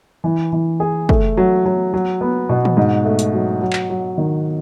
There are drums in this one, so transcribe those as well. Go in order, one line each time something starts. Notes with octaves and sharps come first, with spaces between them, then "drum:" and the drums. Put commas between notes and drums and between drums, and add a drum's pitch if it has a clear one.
E3
E3
G#4
A3, drum: kick
F#3
F#3
F#3
B3
B2
drum: tom D#3
G#2
A3
drum: hi-hat
F#3
F#3
drum: clap
F#3
D#3